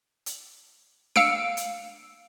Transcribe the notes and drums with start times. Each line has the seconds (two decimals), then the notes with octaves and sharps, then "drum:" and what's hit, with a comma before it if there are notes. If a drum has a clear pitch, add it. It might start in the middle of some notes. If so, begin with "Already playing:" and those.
0.26 drum: hi-hat
1.16 F5 E6 C#7 D7, drum: snare D4
1.57 drum: hi-hat